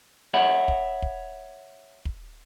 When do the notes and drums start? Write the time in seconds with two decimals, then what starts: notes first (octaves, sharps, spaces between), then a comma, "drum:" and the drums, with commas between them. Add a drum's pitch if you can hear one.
0.34 C#5 E5 F#5 B5
0.68 drum: kick
1.02 drum: kick
2.05 drum: kick